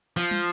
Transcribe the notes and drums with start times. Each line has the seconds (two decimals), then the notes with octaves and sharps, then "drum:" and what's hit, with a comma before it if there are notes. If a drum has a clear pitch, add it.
0.17 F3
0.31 drum: tom